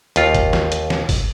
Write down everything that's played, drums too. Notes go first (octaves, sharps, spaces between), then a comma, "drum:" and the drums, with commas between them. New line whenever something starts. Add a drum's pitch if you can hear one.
D#2 F4, drum: hi-hat
drum: kick G1, hi-hat
drum: snare
drum: hi-hat
drum: snare
drum: kick G1, open hi-hat